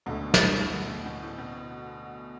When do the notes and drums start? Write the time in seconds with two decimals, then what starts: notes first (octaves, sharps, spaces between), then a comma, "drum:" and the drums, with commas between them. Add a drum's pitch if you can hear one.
0.06 D2 B2 D3 A3
0.34 drum: snare
0.73 B2
0.90 A2
1.06 B2
1.23 A2
1.38 B2